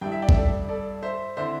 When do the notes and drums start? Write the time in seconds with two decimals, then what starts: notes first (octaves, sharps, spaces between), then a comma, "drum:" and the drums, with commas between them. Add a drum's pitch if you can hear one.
0.01 G2 G3 E4 G5
0.12 E5
0.22 D5 G5
0.29 E5, drum: kick
0.35 A4 D5
0.69 A4 D5
1.02 C5 E5
1.37 D3 C4 E4 C5 E5